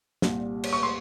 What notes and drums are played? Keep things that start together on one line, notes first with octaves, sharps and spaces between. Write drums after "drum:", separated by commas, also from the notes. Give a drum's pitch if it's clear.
C2 A#2 G3, drum: snare
drum: cymbal
C#6
C6